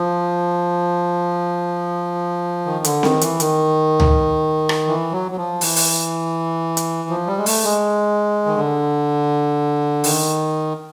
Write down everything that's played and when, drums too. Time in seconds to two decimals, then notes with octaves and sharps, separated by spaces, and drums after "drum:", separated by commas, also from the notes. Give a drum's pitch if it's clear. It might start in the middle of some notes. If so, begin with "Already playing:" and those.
Already playing: F3
2.66 D#3
2.84 D3, drum: hi-hat
3.03 D#3, drum: snare C4
3.21 E3, drum: hi-hat
3.40 D#3, drum: hi-hat
4.00 drum: tom C#2
4.69 drum: rim click
4.87 E3
5.12 F#3
5.31 F#3
5.36 F3
5.61 E3, drum: open hi-hat
5.76 drum: open hi-hat
6.77 drum: hi-hat
7.09 F3
7.27 G3
7.37 G#3
7.46 A3, drum: open hi-hat
7.64 G#3
8.46 D#3
8.56 D3
10.04 D#3, drum: open hi-hat